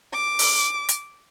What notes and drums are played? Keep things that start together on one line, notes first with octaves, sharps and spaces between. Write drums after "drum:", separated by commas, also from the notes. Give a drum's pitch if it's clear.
D6
drum: open hi-hat
drum: hi-hat